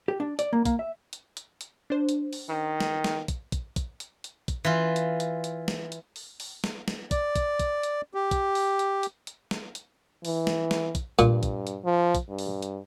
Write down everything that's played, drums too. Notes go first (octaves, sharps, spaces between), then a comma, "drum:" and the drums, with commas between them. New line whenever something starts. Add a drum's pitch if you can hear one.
G4
D4
D5, drum: hi-hat
A#3
A#3, drum: kick, hi-hat
E5
drum: hi-hat
drum: hi-hat
drum: hi-hat
D4 C5
drum: hi-hat
drum: open hi-hat
D#3
drum: snare
drum: snare
drum: kick, hi-hat
drum: kick, hi-hat
drum: kick, hi-hat
drum: hi-hat
drum: hi-hat
drum: kick, hi-hat
E3 F4
drum: hi-hat
drum: hi-hat
drum: hi-hat
drum: snare
drum: hi-hat
drum: open hi-hat
drum: open hi-hat
drum: snare
drum: snare
D5, drum: kick, hi-hat
drum: kick, hi-hat
drum: kick, hi-hat
drum: hi-hat
G4
drum: kick, hi-hat
drum: open hi-hat
drum: hi-hat
drum: hi-hat
drum: hi-hat
drum: snare
drum: hi-hat
E3, drum: open hi-hat
drum: snare
drum: snare
drum: kick, hi-hat
G2 A#2, drum: kick, hi-hat
drum: kick, hi-hat
drum: hi-hat
F3
drum: kick, hi-hat
G2
drum: open hi-hat
drum: hi-hat